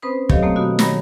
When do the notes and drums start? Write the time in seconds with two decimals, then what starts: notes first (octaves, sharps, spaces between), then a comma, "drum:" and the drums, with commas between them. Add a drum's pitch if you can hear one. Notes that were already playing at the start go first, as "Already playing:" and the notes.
0.02 C4 C#4 B4 C5 B5 D#6
0.29 F#3 G4 A4 C#5 D#5 F5, drum: kick
0.42 B2 A3 A#3 C4
0.56 B2 D#3 B3 F#4
0.79 D#3 G3 C#5 A#5 B5 A#6, drum: snare